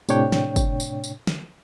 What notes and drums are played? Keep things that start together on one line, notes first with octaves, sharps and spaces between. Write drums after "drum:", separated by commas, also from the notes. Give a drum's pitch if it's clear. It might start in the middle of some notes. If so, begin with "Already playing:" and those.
A2 C3 D4 C#5 G5, drum: tambourine
drum: snare
drum: kick, tambourine
drum: tambourine
drum: tambourine
drum: snare